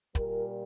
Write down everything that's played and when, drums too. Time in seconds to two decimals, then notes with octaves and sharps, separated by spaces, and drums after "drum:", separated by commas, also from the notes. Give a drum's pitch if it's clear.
0.15 A#2 G3 A#4, drum: kick, hi-hat